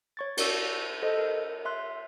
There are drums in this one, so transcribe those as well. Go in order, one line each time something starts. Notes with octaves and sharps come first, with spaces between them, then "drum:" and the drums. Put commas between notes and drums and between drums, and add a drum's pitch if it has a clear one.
C#5 C#6 A6
F#4 D5 E6, drum: cymbal
A4 C5 D#5
A#4
E5 C6 F#6